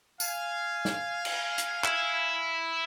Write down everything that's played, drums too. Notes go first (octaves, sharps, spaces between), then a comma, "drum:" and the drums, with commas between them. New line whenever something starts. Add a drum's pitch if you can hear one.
F5 G#5, drum: tambourine
drum: snare
drum: cymbal
drum: hi-hat
E4, drum: clap